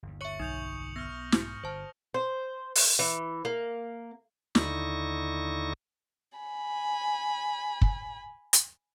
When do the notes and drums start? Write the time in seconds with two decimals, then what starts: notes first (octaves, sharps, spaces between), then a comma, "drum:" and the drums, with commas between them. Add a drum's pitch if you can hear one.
0.03 G1 D#2
0.21 C#5 E5 C#6 C#7 F#7
0.40 B1 D#4 D#6 G6 F7
0.96 B3 F6 A#6
1.32 G#2, drum: snare
1.64 G1 C5 A5
2.14 C5
2.75 drum: open hi-hat
2.99 E3
3.45 A#3
4.55 D#2 D3 D#4 E4 C#6 A#6, drum: snare
6.39 G#5 B5
7.82 drum: kick
8.53 drum: hi-hat